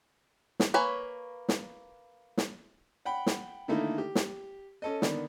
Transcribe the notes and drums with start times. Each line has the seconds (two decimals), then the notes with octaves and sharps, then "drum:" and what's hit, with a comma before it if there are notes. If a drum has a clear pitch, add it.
0.60 drum: snare
0.74 A#3 B4 C#5 G#5
1.49 drum: snare
2.37 drum: snare
3.05 F#5 G5 B5
3.26 drum: snare
3.68 D3 D#3 A3 A#3 D#4 E4
3.98 G4
4.15 drum: snare
4.82 C#4 A4 D#5
5.02 D3 D#3 B3 D4, drum: snare